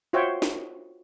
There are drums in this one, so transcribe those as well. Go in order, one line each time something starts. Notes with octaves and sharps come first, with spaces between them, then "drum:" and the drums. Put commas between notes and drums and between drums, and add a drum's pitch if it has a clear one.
F4 F#4 C5 C#5 E5 G5
drum: snare